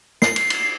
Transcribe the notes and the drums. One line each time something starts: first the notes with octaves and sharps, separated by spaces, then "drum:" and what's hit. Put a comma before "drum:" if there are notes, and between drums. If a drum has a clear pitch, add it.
C7, drum: snare
drum: cymbal
drum: cymbal